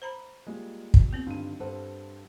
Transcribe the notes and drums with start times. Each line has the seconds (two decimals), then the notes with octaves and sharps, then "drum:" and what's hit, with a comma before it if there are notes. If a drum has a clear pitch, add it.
0.02 C5 A#5 B5
0.47 G3 G#3 A#3 F4
0.94 drum: kick
1.13 B3 C4
1.27 G2 D3 D#3 F4 D#7
1.60 G2 A4 C5 F#5